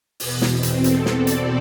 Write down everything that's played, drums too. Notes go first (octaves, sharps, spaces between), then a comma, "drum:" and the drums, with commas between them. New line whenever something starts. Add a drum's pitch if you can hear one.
E2 B2 B4, drum: open hi-hat
drum: snare
C4
drum: hi-hat
A4, drum: hi-hat
drum: snare
D5
drum: hi-hat